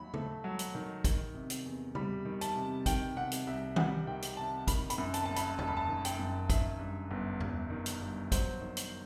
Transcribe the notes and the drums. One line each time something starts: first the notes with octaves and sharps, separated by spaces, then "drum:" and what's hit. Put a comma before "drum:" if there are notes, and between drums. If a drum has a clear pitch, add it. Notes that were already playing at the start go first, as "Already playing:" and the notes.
Already playing: D#2 D#3 F#3 B5
A3, drum: tom C#3
F#3
drum: hi-hat
D#3
D#3, drum: kick, hi-hat
C3
drum: hi-hat
E2
G3 B5, drum: tom C#3
D#3
A5, drum: hi-hat
C3
D#3 G5, drum: kick, hi-hat
C3 F#5
drum: hi-hat
C2 E5
G3 F#5, drum: tom D#3
D#3 G5
drum: hi-hat
C3 A5
D#3 B5, drum: kick, hi-hat
B5, drum: hi-hat
F#2
A5, drum: hi-hat
F#1 A5
B5, drum: hi-hat
F#1 A5, drum: tom E2
B5
A5
D#3
G5, drum: hi-hat
F#2
D#3 E5, drum: kick, hi-hat
G2
G1
G1, drum: tom E2
D#3
drum: hi-hat
G2
F#3 C5, drum: kick, hi-hat
D#3
drum: hi-hat